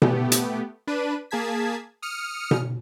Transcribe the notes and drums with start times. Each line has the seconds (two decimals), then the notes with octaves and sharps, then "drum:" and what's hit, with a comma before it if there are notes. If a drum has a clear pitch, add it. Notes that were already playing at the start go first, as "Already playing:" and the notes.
0.02 A3 B3 G4, drum: tom B2
0.32 drum: hi-hat
0.87 D4 B4 D#7
1.31 A#3 G#4 A5 G#6 B6
2.02 D#6 F6 C#7
2.51 drum: tom B2